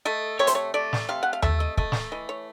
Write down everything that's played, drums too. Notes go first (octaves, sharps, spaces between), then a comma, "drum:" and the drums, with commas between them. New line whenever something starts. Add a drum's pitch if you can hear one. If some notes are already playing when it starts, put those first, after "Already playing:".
A3 D#5
C3 C#5
C5, drum: hi-hat
C#5
A3 D5
drum: snare
C3 F5
F#5
F5
A3 E5, drum: tom D#2
D#5
A3 D#5, drum: kick
drum: snare
E3 D#5
C#5